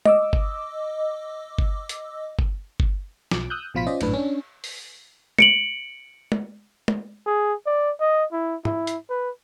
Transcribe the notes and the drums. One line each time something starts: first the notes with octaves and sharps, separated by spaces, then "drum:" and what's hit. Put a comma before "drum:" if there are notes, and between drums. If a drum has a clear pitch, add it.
D#5 D6 E6, drum: tom
drum: kick G1
drum: kick G1
drum: hi-hat
drum: kick G1
drum: kick G1
B1 D6, drum: snare
D#6 E6 F#6 G6
A1 B2 F3 F4 B5 B6
C#4 F4 C5 D5 D#5
G#1 F#2 A2 D4 B4, drum: cymbal
C#4 D4
drum: open hi-hat
C#7 D7 F#7, drum: tom
drum: tom
drum: tom
G#4
D5
D#5
E4
E4, drum: tom
drum: hi-hat
B4